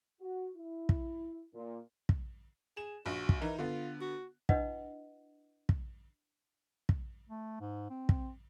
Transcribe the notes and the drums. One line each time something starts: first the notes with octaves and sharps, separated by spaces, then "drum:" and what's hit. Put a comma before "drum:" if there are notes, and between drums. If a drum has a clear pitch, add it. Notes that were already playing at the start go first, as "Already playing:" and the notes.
F#4
E4
drum: kick
A#2
drum: kick
G#4 E7
A#1 F#4
drum: kick
E3 D#4 A#4
D3 B3 F4
F#4
D4 E4 B4 D#5 F#5, drum: kick
drum: kick
drum: kick
A3
G#2
C4
drum: kick